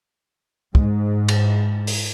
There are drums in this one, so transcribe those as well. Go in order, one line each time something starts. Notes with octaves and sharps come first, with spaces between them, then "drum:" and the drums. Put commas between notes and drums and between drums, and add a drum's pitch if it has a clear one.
G#2, drum: kick
drum: cymbal
drum: open hi-hat